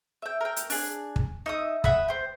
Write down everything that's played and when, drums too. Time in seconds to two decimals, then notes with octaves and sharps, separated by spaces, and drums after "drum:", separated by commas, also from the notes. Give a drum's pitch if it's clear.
0.22 E5 G5
0.41 A#4 G5
0.56 drum: hi-hat
0.70 D4 G#4, drum: open hi-hat
1.16 drum: kick
1.46 D#4 E5 D#6
1.84 E5 F#5 B5 D#6, drum: kick
2.08 C5 G5